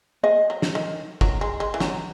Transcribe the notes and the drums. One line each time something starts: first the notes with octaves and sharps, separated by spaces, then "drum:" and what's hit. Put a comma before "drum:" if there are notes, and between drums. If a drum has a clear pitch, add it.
G#3 D#5
F#3
drum: snare
D#3
F#3, drum: kick
G#3
G#3
E3
F#3, drum: snare